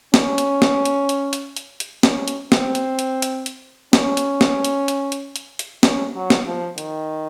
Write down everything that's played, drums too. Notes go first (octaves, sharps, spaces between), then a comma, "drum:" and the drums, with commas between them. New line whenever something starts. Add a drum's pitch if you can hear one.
C#4, drum: snare
drum: hi-hat
drum: snare
drum: hi-hat
drum: hi-hat
drum: hi-hat
drum: hi-hat
drum: hi-hat
C#4, drum: snare
drum: hi-hat
C4, drum: snare
drum: hi-hat
drum: hi-hat
drum: hi-hat
drum: hi-hat
C#4, drum: snare
drum: hi-hat
drum: snare
drum: hi-hat
drum: hi-hat
drum: hi-hat
drum: hi-hat
drum: hi-hat
C#4, drum: snare
F#3
drum: snare
F3
D#3, drum: hi-hat